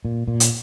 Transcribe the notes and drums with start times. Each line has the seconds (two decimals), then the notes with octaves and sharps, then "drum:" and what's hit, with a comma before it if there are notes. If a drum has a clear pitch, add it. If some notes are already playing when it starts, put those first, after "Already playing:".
0.05 A#2
0.28 A#2
0.40 drum: hi-hat